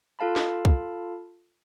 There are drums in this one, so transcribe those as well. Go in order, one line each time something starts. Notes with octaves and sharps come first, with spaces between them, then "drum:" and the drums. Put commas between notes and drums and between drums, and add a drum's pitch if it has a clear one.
F4 A4 F5 A5 B5
drum: snare
drum: kick